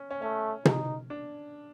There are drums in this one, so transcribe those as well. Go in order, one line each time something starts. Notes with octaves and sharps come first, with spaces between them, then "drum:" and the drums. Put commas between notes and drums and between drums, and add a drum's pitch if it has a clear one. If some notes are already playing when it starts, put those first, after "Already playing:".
Already playing: C#4
C#4
A3 C#4
D#4, drum: tom
D4